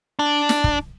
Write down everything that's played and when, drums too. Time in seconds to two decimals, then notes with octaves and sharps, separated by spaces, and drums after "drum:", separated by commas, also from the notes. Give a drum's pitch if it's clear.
0.19 D4
0.49 drum: snare
0.64 drum: kick